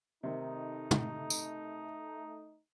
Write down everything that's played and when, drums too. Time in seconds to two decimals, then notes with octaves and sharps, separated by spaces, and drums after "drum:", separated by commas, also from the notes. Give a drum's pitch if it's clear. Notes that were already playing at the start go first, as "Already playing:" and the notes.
0.23 C3 D#3 A3 D#4
0.91 drum: tom
1.30 drum: tambourine